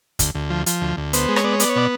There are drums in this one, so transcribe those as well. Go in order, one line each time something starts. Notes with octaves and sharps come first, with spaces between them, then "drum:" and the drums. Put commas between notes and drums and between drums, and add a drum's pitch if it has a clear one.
D2, drum: kick, hi-hat
D2
F3
F3, drum: hi-hat
D2
D2
B3 C5, drum: hi-hat
G#3
C#5, drum: rim click
B3 D5
C#5
B3 D5, drum: hi-hat
C#5
B2 D5